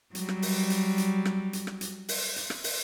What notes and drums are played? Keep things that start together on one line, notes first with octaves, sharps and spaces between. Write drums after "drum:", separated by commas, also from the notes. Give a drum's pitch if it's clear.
F#3 G3, drum: hi-hat
drum: rim click
drum: open hi-hat
drum: hi-hat
drum: hi-hat
drum: rim click
drum: hi-hat
drum: rim click
drum: hi-hat
drum: open hi-hat
drum: hi-hat
drum: rim click
drum: open hi-hat